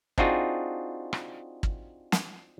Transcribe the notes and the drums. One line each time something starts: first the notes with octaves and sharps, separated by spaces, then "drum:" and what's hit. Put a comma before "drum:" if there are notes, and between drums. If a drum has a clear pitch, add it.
C4 D4 D#4 F4 F#4 G#4, drum: kick
drum: rim click
drum: kick
drum: snare